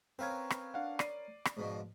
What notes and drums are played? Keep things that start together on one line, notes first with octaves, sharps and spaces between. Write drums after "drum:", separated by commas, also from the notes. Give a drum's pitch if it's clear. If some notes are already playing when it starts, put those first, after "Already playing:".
C4 C#4 A#4 B4 F5 G#6
drum: rim click
D4 F5 F#5
D5 C7 D#7, drum: rim click
drum: rim click
G#2 B2 F3